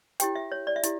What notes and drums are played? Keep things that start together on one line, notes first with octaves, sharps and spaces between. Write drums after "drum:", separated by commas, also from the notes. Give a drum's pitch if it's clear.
E4 G4 C#5 G5, drum: hi-hat
E5
C#5
D5
E5
E4 G4, drum: hi-hat